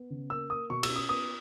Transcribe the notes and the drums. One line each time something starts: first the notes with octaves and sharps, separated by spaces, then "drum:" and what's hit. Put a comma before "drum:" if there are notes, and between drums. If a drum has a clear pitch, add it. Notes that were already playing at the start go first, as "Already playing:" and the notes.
Already playing: B3
C#3
A#3 E6
A#3 D#6
B2 C#6
E6, drum: cymbal
C#4
D#6
B3 D#6